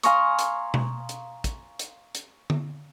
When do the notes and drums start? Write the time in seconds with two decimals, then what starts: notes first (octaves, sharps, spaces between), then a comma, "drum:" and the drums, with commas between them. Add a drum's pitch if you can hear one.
0.03 F5 G#5 A#5 C6 C#6 D#6, drum: hi-hat
0.39 drum: hi-hat
0.74 drum: tom B2
1.09 drum: hi-hat
1.44 drum: kick, hi-hat
1.79 drum: hi-hat
2.15 drum: hi-hat
2.50 drum: tom D3